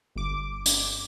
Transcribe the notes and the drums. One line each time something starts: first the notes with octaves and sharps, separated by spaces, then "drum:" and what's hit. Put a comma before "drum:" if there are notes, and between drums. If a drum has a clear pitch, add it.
G1 D6
drum: hi-hat